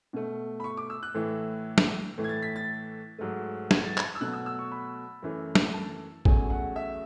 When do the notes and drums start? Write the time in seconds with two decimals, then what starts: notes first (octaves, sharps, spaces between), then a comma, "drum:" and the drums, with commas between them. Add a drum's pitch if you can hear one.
0.13 B2 A3
0.60 B5
0.64 C#6
0.77 D6
0.90 E6
1.03 F#6
1.14 A2 E3 A3
1.78 drum: snare
2.18 A2 E3 A3
2.24 G#6
2.29 A6
2.42 B6
2.56 A6
3.18 G#2 F#3 A3
3.71 G#6, drum: snare
3.84 A6
3.98 G#6, drum: clap
4.15 E6
4.21 B2 F#3 A3 F#6
4.33 E6
4.46 E6
4.59 C#6
4.72 B5
5.23 F#2 E3 A3
5.55 drum: snare
5.74 A5
6.25 E2 C#3 F#3 A3 G#5, drum: kick A1
6.50 F#5
6.76 E5